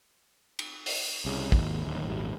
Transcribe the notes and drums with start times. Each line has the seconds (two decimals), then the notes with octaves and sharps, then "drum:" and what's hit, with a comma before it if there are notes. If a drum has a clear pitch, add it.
0.59 drum: cymbal
0.86 drum: open hi-hat
1.25 C2 C#3
1.52 G#1 D#2, drum: kick
1.85 D1 D#2
2.05 D#1 G#1 D#2